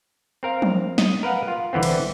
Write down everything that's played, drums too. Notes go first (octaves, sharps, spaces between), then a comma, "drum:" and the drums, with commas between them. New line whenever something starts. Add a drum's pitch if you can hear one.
C4 A#4 F5
drum: tom F3
D#5, drum: snare
A#4 B4 F5 F#5
F4
C2 D3 E3 B3 C4
drum: cymbal